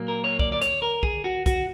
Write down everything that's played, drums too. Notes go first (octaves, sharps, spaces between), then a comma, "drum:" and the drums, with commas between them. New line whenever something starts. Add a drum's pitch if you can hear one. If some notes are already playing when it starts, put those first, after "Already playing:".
Already playing: A#2 F#3 A#3
A#4
C#5
D5, drum: kick
D5
C#5, drum: hi-hat
A#4
G#4, drum: kick
F#4
F#4, drum: kick, hi-hat